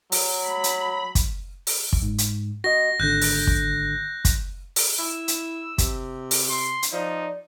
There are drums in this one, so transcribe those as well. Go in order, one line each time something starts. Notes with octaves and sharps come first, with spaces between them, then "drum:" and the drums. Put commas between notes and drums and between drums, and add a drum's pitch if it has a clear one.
F#3, drum: open hi-hat
B5
drum: hi-hat
drum: kick, hi-hat
drum: open hi-hat
drum: kick
G#2
drum: hi-hat
F#4 D#5 A#6
G#1 D3 F#6 G6 A#6
drum: open hi-hat
drum: kick
drum: kick, hi-hat
drum: open hi-hat
E4 E6
drum: hi-hat
C3, drum: kick, hi-hat
drum: open hi-hat
C6
drum: hi-hat
F3 D#4 D5